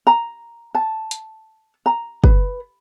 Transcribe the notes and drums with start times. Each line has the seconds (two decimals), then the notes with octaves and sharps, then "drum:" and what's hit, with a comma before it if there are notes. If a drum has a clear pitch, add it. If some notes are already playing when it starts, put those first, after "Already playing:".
0.07 A#5
0.75 A5
1.11 drum: hi-hat
1.86 A#5
2.24 B4, drum: kick